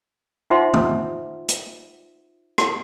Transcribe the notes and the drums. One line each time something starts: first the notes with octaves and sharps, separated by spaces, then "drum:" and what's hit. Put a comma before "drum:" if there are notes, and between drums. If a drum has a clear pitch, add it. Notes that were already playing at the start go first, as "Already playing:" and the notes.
D#4 F4 C5 E5 F#5 C6
drum: tom
drum: hi-hat
drum: rim click